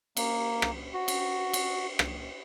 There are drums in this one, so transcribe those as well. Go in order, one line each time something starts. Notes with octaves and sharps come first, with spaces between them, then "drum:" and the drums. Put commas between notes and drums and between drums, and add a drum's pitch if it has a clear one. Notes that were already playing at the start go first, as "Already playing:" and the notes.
A#3, drum: cymbal
drum: rim click
F#4
drum: cymbal
drum: cymbal
drum: rim click